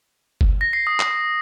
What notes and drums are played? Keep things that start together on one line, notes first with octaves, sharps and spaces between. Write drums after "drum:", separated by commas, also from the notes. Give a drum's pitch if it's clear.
drum: kick G1
A#6
C7
D#6
drum: clap